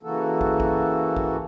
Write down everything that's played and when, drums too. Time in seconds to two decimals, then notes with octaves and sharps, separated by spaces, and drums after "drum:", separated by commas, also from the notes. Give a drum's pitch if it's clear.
0.03 C#3 E3 A#3 F#4 A4
0.41 drum: kick
0.60 drum: kick
1.16 drum: kick